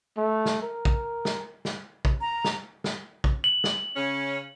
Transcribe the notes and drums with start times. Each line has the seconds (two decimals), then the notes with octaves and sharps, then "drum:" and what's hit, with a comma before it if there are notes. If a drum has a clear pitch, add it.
0.18 A3
0.46 drum: snare
0.62 A#4
0.85 drum: kick
1.25 drum: snare
1.65 drum: snare
2.05 drum: kick
2.21 A#5
2.45 drum: snare
2.84 drum: snare
3.24 drum: kick
3.44 F#7
3.64 drum: snare
3.96 C#3 C#4